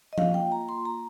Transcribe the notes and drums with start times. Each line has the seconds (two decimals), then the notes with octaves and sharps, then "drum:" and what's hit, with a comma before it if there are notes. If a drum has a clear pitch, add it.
0.13 D#5
0.18 A#3 F4 F5, drum: tom F3
0.34 G5
0.52 A#5
0.69 C6
0.85 A#5